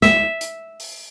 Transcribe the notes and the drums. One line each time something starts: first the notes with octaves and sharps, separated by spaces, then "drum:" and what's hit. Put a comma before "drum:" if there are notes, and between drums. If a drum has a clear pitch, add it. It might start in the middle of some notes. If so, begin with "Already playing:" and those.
E5, drum: snare
drum: hi-hat
drum: open hi-hat